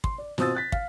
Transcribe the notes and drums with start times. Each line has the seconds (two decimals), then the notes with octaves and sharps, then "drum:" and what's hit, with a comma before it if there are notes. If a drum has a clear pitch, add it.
0.04 C6, drum: kick
0.18 D5
0.38 B2 C4 F4 D#6 E6 A6, drum: snare
0.55 F#6 A6 B6
0.72 F5, drum: kick